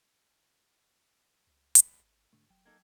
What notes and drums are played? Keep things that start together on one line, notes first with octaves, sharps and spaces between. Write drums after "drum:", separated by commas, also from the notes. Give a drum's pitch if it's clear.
C#2
drum: hi-hat
G#1
G#2 D3 A3
F1 F#3 G5
A#3 D#4 A4 G#6